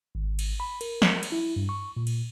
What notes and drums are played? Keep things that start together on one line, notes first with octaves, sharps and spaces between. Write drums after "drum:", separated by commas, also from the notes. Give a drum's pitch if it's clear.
G#1
drum: cymbal
B5
A#4, drum: cymbal
drum: snare
drum: cymbal
E4
G2
C#6
A#2
drum: cymbal